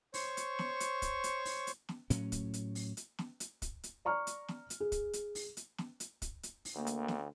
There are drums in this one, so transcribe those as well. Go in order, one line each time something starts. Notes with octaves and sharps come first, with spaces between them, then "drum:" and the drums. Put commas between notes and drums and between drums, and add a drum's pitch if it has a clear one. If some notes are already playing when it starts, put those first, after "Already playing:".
C5 C#5 C#6, drum: open hi-hat
drum: hi-hat
drum: snare
drum: hi-hat
drum: kick, hi-hat
drum: hi-hat
drum: open hi-hat
drum: hi-hat
drum: snare
A2 F#3 C#4, drum: hi-hat
drum: kick, hi-hat
drum: hi-hat
drum: open hi-hat
drum: hi-hat
drum: snare
drum: hi-hat
drum: kick, hi-hat
drum: hi-hat
D5 A#5 C#6 F6
drum: hi-hat
drum: snare
drum: hi-hat
G#4
drum: kick, hi-hat
drum: hi-hat
drum: open hi-hat
drum: hi-hat
drum: snare
drum: hi-hat
drum: kick, hi-hat
drum: hi-hat
drum: open hi-hat
D2 A#3
drum: hi-hat
drum: snare